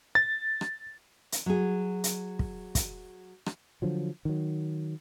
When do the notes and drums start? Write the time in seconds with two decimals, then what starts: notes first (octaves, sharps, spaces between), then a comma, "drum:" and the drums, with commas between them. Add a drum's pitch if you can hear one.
0.15 A6
0.61 drum: rim click
1.32 drum: hi-hat
1.46 F#3 G#4
2.04 drum: hi-hat
2.39 drum: kick
2.75 drum: kick, hi-hat
3.46 drum: rim click
3.82 D3 F3 F#3
4.25 D#3 F#3